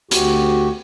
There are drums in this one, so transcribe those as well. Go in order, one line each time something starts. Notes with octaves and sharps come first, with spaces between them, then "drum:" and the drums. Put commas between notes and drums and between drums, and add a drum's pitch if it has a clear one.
D2 F#4 G4, drum: hi-hat